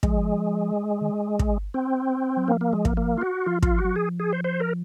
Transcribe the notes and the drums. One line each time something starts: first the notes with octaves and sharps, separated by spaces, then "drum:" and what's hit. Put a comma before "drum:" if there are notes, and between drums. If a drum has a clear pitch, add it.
F3 G#3, drum: kick
D#3
drum: kick
C4
F#3
F3 A#3
A#3
G#3
A#3, drum: kick
A#3
F4
F#4
F3 F4
F4, drum: kick
F#4
F#3
F3 G#4
G#4
C5
C5
A#4